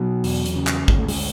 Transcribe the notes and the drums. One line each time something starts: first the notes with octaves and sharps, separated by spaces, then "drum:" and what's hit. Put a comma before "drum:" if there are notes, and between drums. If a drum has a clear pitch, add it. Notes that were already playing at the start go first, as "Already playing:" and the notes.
Already playing: B2 F#3
E2, drum: open hi-hat
drum: hi-hat
C#3
drum: clap
D2 G#3, drum: kick G#1
A3
G#3, drum: open hi-hat